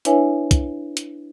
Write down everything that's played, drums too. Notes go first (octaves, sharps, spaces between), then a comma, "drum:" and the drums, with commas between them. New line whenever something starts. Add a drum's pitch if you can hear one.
D4 E4 B4 C#5 E5 G#5, drum: hi-hat
drum: kick, hi-hat
drum: hi-hat